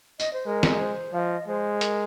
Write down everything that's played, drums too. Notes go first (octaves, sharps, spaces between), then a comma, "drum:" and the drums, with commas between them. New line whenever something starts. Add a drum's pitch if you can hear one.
D#5, drum: tambourine
C5
G#3 A#4
drum: snare
C5
F3 F5
D#5
G#3 C5
A#4, drum: hi-hat